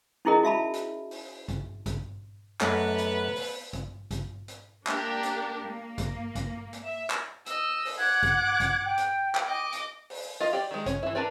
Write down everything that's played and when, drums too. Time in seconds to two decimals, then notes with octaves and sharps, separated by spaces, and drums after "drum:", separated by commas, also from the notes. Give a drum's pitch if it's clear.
0.25 C#4 D#4 E4 G#4 A#4 D#5
0.43 F#4 E5 A5 B5
0.74 drum: hi-hat
1.11 drum: open hi-hat
1.48 drum: kick A1, hi-hat
1.86 drum: kick A1, hi-hat
2.61 F#2 A3 B3 D4 B4 D#5, drum: clap
2.98 drum: hi-hat
3.36 drum: open hi-hat
3.73 drum: kick A1, hi-hat
4.11 drum: kick A1, hi-hat
4.48 drum: hi-hat
4.87 A#3 D4 G4 A#4, drum: clap
5.23 drum: hi-hat
5.64 A#3
5.98 drum: kick A1, hi-hat
6.35 drum: kick A1, hi-hat
6.73 drum: hi-hat
6.85 E5
7.10 drum: clap
7.46 D#5 E6, drum: hi-hat
7.85 drum: open hi-hat
7.98 F#5 D6 G#6
8.23 drum: kick A1, hi-hat
8.60 drum: kick A1, hi-hat
8.84 G5
8.98 drum: hi-hat
9.35 drum: clap
9.47 D#5 D6
9.72 drum: hi-hat
10.10 drum: open hi-hat
10.40 F4 D#5 F5
10.53 G4 D5
10.71 D#3 G#3
10.86 C#4, drum: kick A1, hi-hat
11.03 E3 E4
11.15 D4 A#4 B4 D5